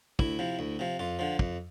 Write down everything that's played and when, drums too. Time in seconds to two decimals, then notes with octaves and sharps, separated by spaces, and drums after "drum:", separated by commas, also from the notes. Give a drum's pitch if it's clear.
0.19 D2 E4, drum: kick
0.39 C3 F3
0.59 D2
0.79 C3 F3
0.99 F2 F4
1.19 D3 F3
1.39 F2, drum: kick